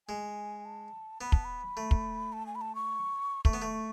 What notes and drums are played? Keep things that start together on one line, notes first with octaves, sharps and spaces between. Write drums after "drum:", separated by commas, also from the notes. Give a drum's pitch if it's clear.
G#3 G#5
A5
B3 B5
A5, drum: kick
B5
A3
drum: kick
A5
G#5
B5
A5
C#6
A3 C#6, drum: kick
B3
A3